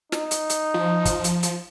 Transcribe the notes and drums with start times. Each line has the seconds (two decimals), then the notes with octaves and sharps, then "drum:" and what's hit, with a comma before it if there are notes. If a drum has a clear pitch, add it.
0.12 D#4, drum: snare
0.31 drum: hi-hat
0.49 drum: hi-hat
0.74 F3
1.05 drum: kick, hi-hat
1.24 drum: hi-hat
1.43 drum: hi-hat